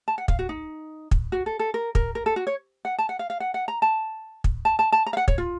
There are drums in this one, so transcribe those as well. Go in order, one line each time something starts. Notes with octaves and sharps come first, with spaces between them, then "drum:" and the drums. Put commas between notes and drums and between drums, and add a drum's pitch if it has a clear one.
A5
F#5
F5, drum: kick
F#4
D#4
drum: kick
F#4
A4
A4
A#4
A#4, drum: kick
A#4
A4
F#4
C#5
F#5
A5
F#5
F5
F5
F#5
F#5
A#5
A5
drum: kick
A5
A5
A5
A#5
F5
F#5
C#5, drum: kick
F4